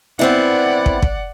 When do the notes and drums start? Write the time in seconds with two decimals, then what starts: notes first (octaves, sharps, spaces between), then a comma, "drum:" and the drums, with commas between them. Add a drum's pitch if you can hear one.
0.19 B3 C4 E4 D5 F#5
0.86 drum: kick
1.02 drum: kick